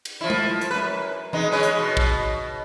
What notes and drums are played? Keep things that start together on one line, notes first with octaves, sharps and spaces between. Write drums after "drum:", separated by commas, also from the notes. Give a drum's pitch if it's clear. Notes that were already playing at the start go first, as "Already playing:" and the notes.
drum: cymbal
F3 E4
drum: tom G#3
drum: hi-hat
F#2 B4
G#3 B3 D#4, drum: tom E3
G#3 C#4 B4
drum: hi-hat
B2
drum: kick